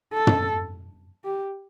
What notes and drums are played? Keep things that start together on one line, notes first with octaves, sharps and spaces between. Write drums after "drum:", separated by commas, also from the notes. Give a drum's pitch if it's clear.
A4
drum: tom
G4